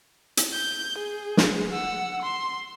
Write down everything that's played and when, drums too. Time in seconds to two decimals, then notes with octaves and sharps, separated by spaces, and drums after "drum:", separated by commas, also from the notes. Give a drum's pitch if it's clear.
0.37 drum: hi-hat
0.52 G6
0.98 G#4
1.37 drum: snare
1.73 F#5 E6
2.22 C6